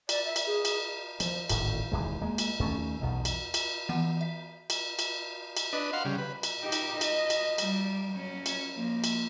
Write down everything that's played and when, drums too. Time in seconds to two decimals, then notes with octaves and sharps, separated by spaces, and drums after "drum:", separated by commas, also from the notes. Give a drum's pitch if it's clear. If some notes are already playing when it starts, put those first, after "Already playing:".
0.09 D5, drum: cymbal
0.25 E5
0.36 drum: cymbal
0.47 G#4
0.65 drum: cymbal
1.20 F3, drum: cymbal
1.50 D1 G#1 A2, drum: cymbal
1.92 E1 D#2 G#3
2.21 G#3 A#3
2.38 drum: cymbal
2.59 D#2 A3 C#4
3.02 B1 E2 B2
3.25 drum: cymbal
3.54 drum: cymbal
3.89 E3 B3 F#5 D#7
4.21 E5 B6
4.70 drum: cymbal
4.99 drum: cymbal
5.57 drum: cymbal
5.73 D4 B4 D#5
5.93 F5 F#5 C6
6.05 C#3 G3
6.18 B4
6.43 drum: cymbal
6.60 D#4 G4
6.72 drum: cymbal
7.01 D#5, drum: cymbal
7.30 drum: cymbal
7.58 G3, drum: cymbal
8.13 F#3 C#4
8.46 drum: cymbal
8.74 F3 A#3
9.04 drum: cymbal